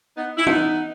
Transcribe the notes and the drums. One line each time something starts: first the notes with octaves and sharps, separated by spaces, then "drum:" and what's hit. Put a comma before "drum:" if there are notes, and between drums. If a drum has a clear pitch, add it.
B3 D#4
E4
B3 D#4, drum: tom